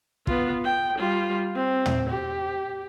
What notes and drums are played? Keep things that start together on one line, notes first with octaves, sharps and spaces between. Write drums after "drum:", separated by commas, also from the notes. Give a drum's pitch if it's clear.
B3 F4, drum: kick
G5
G3 F4
C4
drum: tom
G4